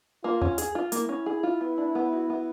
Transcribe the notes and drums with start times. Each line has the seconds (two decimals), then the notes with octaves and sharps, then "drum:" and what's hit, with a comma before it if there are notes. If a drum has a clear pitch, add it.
0.24 A#3 F4
0.42 C#4, drum: tom D#2
0.58 G#4, drum: hi-hat
0.75 F4
0.92 A#3 E4, drum: hi-hat
1.09 C#4
1.26 G#4
1.43 F4
1.61 B3
1.78 D4
1.95 B3
2.13 F#4
2.30 B3